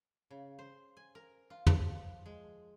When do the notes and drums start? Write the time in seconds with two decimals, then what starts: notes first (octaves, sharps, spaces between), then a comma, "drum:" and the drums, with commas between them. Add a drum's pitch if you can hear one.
0.30 C#3
0.59 C5
0.97 G#5
1.15 A#4
1.50 F4
1.67 F3, drum: tom
2.26 G#3